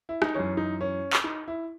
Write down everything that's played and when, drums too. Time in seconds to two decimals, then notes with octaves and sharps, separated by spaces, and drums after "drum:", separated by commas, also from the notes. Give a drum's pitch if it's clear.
0.09 E4
0.22 D#4, drum: rim click
0.35 F#2 E3 C#4
0.57 D#4
0.81 C#4
1.13 drum: clap
1.24 D#4
1.48 E4